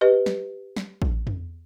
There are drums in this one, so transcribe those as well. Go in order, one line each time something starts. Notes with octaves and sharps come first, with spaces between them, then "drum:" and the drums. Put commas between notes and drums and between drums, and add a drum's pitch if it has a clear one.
G4 B4 D#5
drum: snare
drum: snare
drum: kick A1
drum: tom